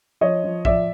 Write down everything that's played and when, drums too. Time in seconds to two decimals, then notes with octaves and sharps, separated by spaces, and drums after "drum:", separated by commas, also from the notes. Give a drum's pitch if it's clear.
0.21 F3 C#5 D#5
0.44 F3
0.65 F3 D5 E5, drum: kick